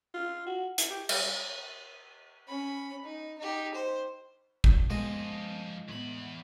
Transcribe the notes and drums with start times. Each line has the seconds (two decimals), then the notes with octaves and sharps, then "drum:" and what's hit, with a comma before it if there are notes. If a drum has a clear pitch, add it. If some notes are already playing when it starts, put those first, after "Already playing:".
0.14 F4
0.46 F#4
0.78 E4, drum: hi-hat
0.90 G4
1.09 G3, drum: cymbal
2.48 C#4 B5
3.04 D#4
3.39 D#4 G4
3.74 C5
4.64 drum: kick
4.90 F3 G#3 A#3 B3 D#5 D#6
5.89 E2 A2 B3 B5 G#6